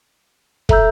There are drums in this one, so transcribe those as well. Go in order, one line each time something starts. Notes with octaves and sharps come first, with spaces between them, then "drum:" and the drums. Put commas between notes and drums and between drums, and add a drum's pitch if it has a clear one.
A4 E5 A#5 E6 G6, drum: kick